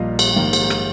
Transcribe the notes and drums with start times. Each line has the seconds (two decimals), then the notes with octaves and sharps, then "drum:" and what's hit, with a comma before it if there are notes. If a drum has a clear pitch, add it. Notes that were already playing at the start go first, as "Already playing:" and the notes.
Already playing: A#1 A#2 G3 A#3 D#5 F5
0.19 drum: cymbal
0.31 G5
0.36 A#1 G#2 D#3 A#3 F5
0.53 drum: cymbal
0.70 drum: rim click